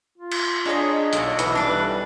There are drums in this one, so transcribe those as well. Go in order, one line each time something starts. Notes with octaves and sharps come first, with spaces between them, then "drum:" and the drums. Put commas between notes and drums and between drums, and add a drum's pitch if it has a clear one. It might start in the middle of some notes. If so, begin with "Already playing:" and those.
F4
drum: cymbal
D4 D#4 G#4 C#5 D#5
B1 A#3 F#4 A4, drum: hi-hat
E3, drum: hi-hat
G3 D4 B4